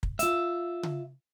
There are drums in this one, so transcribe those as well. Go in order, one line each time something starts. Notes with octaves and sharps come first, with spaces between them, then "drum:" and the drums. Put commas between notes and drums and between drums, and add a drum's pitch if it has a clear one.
drum: kick
F4 E5, drum: hi-hat
drum: tom C#3